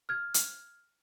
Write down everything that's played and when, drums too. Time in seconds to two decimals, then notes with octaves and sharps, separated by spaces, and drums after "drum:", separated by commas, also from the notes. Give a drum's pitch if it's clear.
0.09 F6 G#6
0.34 drum: hi-hat